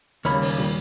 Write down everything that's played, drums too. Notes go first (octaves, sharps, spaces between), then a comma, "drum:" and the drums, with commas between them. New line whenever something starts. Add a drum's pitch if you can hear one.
D#2 C#3 G3 A#3 C#5 B5, drum: hi-hat
drum: open hi-hat
drum: tom